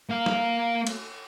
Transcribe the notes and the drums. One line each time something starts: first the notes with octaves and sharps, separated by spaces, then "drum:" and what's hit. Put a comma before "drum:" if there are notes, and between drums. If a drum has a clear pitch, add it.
A#3 F5
drum: snare
drum: cymbal